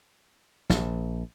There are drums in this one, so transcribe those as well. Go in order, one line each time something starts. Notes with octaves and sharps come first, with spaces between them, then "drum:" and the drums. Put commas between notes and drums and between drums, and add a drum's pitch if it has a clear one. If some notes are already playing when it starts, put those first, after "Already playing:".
A#1, drum: snare